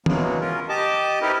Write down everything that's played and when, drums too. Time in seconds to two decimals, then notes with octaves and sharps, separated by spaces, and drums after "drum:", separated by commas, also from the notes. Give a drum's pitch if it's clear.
0.06 B2 E3 F#3 G#3 A#3 B3, drum: tom
0.41 C#4 F4 A#4
0.69 G4 D#5 A5 D6
1.22 C4 D#4 E4 G4 A#4 B4